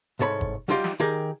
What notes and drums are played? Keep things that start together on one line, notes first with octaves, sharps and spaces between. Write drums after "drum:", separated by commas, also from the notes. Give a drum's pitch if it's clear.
C2 G#2 A4 C#5 B5
drum: kick
F#3 G3 D#4 F4 G4 D5
drum: snare
D#3 G4 G#4 A#4 D5